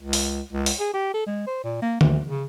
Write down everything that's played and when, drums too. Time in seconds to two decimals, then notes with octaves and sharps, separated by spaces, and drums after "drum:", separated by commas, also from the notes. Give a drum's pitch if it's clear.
0.02 C#2
0.13 drum: open hi-hat
0.52 C#2
0.66 drum: open hi-hat
0.80 G#4
0.94 G4
1.14 A4
1.26 G#3
1.47 C5
1.64 A#2
1.82 A#3
2.01 D2, drum: tom D3
2.28 C#3